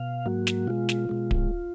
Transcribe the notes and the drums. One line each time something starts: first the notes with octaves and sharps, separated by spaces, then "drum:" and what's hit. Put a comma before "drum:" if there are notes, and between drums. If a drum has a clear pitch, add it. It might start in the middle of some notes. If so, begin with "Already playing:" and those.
Already playing: B2 F5
G#2 F#3 A#3 F#4
drum: snare
B2 G#3 F4
drum: snare
B2 G#3
drum: kick D1